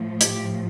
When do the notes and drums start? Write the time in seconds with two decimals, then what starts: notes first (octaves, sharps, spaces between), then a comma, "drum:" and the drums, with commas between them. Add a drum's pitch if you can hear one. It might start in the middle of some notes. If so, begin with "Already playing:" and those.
Already playing: A2 F3
0.21 G4, drum: hi-hat